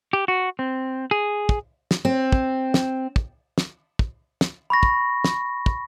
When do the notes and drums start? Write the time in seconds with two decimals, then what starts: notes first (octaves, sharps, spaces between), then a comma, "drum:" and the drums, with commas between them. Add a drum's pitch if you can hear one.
0.13 G4
0.28 F#4
0.59 C4
1.11 G#4
1.49 drum: kick
1.91 drum: snare
2.05 C4
2.32 drum: kick
2.74 drum: snare
3.16 drum: kick
3.58 drum: snare
3.99 drum: kick
4.41 drum: snare
4.70 B5 C#6 A#6
4.83 drum: kick
5.24 drum: snare
5.66 drum: kick